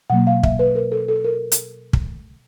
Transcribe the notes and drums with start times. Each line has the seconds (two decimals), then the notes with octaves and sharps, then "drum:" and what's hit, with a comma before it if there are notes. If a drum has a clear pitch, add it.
0.10 B2 F#3 A#3 F#5
0.27 F5
0.43 E5, drum: kick
0.59 B4
0.75 A#4
0.92 A4
1.08 A4
1.24 A#4
1.52 drum: hi-hat
1.93 drum: kick